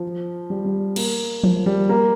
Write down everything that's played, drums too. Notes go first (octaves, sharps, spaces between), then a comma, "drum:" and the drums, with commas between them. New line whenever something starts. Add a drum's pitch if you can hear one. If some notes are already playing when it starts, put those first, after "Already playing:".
Already playing: F3
G3
G3
A#3, drum: cymbal
F3, drum: tom F3
G3
A#3